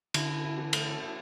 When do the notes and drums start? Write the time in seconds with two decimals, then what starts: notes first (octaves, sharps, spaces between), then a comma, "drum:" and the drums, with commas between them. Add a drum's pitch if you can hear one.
0.14 D3 E4, drum: cymbal
0.29 E4
0.44 E4
0.58 E3
0.73 A3, drum: cymbal
0.87 A4
1.01 E4